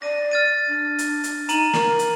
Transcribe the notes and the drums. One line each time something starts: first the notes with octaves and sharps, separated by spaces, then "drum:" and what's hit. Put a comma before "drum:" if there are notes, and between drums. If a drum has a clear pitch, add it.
D5 A#6 D#7
F6 A6 D#7
D4
drum: hi-hat
drum: hi-hat
D#4 A#5 D#7 F#7, drum: hi-hat
A#4, drum: snare
drum: hi-hat